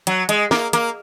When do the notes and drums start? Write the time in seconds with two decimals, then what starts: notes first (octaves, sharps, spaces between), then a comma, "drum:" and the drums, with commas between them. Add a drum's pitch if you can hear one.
0.07 F#3, drum: hi-hat
0.29 G#3, drum: hi-hat
0.51 A#3, drum: snare
0.73 A#3, drum: hi-hat